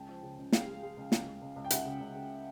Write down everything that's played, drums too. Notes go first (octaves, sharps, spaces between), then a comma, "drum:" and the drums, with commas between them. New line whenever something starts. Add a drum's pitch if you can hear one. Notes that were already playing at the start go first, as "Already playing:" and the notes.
Already playing: C#2 G5 A5
F3
C#3
C#2
G#3 F5 G5, drum: snare
G#3
G#3
C#2
C#2, drum: snare
C#2
C#2
C#2
G5
C#2 E5 F#5, drum: hi-hat
C#3
C#2
C#3